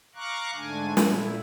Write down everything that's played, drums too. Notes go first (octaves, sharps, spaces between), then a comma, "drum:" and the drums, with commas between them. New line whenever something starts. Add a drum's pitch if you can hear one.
F5 A#5 C#6 D6 F#6
G#2 D3 A3 D4 G#5
A#2 E4, drum: snare